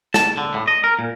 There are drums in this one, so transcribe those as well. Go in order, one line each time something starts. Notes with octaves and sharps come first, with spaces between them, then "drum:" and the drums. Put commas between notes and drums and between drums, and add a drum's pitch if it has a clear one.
A5, drum: snare
D3
A2
D#5
A#4
A#2